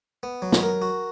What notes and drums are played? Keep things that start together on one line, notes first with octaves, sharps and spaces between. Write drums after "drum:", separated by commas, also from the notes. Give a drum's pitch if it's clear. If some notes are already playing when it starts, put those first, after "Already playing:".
B3
F#3
drum: snare
A#4
F#4